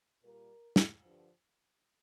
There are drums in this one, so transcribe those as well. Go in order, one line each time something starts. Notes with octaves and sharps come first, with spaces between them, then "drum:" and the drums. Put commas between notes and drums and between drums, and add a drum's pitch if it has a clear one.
A#2 G3 A#4
drum: snare
G2 D3 F3